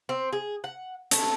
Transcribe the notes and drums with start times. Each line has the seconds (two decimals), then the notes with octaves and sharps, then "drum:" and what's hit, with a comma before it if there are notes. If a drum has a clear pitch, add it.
0.09 C4
0.33 G#4
0.64 F#5
1.11 A3, drum: hi-hat